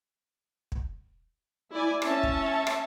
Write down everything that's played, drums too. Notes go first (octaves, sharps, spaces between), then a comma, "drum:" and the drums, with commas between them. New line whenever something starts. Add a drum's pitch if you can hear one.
drum: kick
E4 D5 G#5
C#4 E5 A5, drum: rim click
drum: kick
drum: rim click